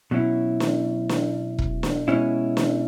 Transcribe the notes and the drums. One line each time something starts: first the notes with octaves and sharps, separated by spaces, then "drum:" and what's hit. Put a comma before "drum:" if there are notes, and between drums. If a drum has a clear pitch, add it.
B2 F#3 C#4 E4
drum: snare
drum: snare
drum: kick E1
drum: snare
B2 G#3 C#4 E4
drum: snare